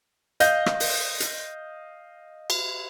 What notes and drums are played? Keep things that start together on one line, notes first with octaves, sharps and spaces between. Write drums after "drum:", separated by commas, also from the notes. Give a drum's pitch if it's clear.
D#5 F5 G6 A#6, drum: hi-hat
drum: rim click
drum: open hi-hat
drum: hi-hat
drum: cymbal